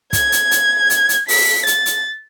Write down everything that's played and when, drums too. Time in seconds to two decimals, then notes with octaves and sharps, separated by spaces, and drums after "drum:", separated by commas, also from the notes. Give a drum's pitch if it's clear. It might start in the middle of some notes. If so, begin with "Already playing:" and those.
0.13 G#6, drum: kick, hi-hat
0.32 drum: hi-hat
0.51 drum: hi-hat
0.90 drum: hi-hat
1.09 drum: hi-hat
1.28 B6, drum: open hi-hat
1.67 A6, drum: hi-hat
1.86 drum: hi-hat